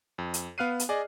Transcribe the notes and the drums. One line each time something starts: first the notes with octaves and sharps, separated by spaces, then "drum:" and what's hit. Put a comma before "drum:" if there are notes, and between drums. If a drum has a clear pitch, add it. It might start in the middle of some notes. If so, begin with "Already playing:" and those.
F2
drum: hi-hat
B3 F5 F6 F#6 C7 D#7
drum: hi-hat
G#4 D5 D#5